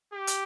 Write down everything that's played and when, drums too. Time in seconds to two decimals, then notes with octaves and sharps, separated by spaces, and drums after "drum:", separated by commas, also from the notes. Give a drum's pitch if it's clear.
0.13 G4
0.27 drum: hi-hat